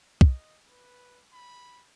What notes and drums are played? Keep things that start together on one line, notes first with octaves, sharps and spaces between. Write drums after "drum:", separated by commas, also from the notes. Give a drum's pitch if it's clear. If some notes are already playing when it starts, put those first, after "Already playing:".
D#5, drum: kick
B4
B5